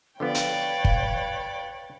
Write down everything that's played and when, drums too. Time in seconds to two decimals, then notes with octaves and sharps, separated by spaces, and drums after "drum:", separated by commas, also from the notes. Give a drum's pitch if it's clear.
0.20 D3 F3 B3 B4 C#5 D5 F5 G5
0.35 drum: hi-hat
0.85 drum: kick